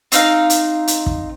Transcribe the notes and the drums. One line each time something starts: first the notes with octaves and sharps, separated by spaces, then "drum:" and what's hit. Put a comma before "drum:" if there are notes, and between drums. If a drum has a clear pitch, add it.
C4 D#4 F5, drum: hi-hat
drum: hi-hat
drum: hi-hat
drum: kick